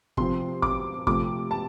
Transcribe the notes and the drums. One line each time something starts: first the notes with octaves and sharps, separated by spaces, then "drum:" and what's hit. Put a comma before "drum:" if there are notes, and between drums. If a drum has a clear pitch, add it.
C3 F3 C4 C6, drum: kick
D6, drum: kick
C3 F3 A3 D6, drum: kick
A5